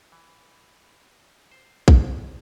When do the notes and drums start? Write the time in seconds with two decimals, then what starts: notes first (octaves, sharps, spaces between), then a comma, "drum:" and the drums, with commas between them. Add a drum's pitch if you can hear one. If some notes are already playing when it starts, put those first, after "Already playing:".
0.12 E3
1.51 C5
1.88 drum: kick